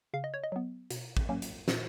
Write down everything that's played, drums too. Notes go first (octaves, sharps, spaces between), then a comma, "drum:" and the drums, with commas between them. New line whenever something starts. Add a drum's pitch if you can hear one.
C#3 F5
D#5
C#5
D#5
F#3 B3
B2, drum: hi-hat
drum: kick
F#3 A#3 C#4
drum: hi-hat
A#2, drum: snare